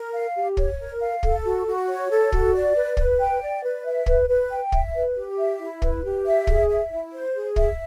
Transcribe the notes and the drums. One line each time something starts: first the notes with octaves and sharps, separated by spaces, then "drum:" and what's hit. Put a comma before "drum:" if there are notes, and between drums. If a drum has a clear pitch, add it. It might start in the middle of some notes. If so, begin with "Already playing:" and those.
Already playing: A#4
F5
G4
C#5, drum: kick
A#4
F5
A4, drum: kick
F#4
F#4
C#5
A4
F#4, drum: kick
D5
B4
B4, drum: kick
G5
D5
B4
E5
B4, drum: kick
B4
G5
E5, drum: kick
B4
G4
E5
E4
B4, drum: kick
G4
E5
G#4, drum: kick
E5
E4
C5
G#4
E5, drum: kick